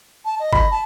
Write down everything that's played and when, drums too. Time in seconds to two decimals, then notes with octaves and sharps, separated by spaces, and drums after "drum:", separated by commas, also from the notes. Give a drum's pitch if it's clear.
0.25 A5
0.39 D#5
0.53 B5, drum: kick G1
0.71 A5